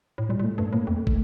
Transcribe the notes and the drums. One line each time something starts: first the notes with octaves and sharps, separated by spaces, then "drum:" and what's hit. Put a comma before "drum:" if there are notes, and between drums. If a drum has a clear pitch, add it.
A2
A#2 G3
A#2
A2 A3
G2 A3
A2 A#3
F2 A3
drum: kick